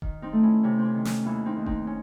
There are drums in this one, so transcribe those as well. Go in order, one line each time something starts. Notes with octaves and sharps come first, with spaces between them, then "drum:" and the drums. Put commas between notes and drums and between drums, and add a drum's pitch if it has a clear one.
D#3, drum: kick E1
C4 D#4
A3
C#4 E4
C3 C#4
C4
C#4
D#3
C#4, drum: snare
D#2 C#4 E4
C4 D#4
D#2
C4 D#4, drum: kick E1
C#4